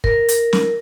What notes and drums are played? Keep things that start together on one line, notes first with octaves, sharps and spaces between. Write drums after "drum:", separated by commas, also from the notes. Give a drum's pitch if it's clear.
A#4, drum: kick
drum: hi-hat
drum: snare